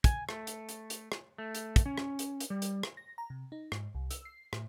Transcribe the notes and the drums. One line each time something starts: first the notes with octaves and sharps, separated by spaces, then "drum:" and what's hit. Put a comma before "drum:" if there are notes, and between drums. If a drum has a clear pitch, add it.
G#5, drum: kick, hi-hat
A3, drum: rim click
drum: hi-hat
drum: hi-hat
drum: hi-hat
drum: rim click
A3
drum: hi-hat
drum: kick, hi-hat
C#4
drum: rim click
drum: hi-hat
drum: hi-hat
G3
drum: hi-hat
drum: rim click
A#6
A#5
C3
D#4
G#2, drum: rim click
C2
E6, drum: hi-hat
C7
A2, drum: rim click